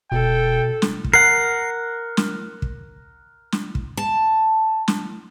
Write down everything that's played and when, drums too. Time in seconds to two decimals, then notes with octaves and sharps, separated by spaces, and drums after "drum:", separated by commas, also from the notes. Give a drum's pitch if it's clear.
0.12 E1 B2 A4 G5
0.82 drum: snare
1.04 drum: kick
1.13 A#4 F#5 C7
2.17 drum: snare
2.62 drum: kick
3.52 drum: snare
3.75 drum: kick
3.97 A5
4.88 drum: snare